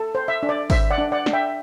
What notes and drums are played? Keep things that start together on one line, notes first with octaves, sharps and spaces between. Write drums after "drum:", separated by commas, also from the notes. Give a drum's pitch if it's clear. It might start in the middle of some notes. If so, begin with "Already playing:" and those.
Already playing: A4
C5
E5
D4
D5
C5 E5, drum: kick G#1, open hi-hat
D5 F#5
D4
D5 F#5
D4, drum: snare
E5 G5